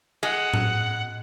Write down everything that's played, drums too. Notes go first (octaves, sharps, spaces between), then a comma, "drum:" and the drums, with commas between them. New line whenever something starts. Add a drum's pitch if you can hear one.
G#3 F#5
drum: tom A2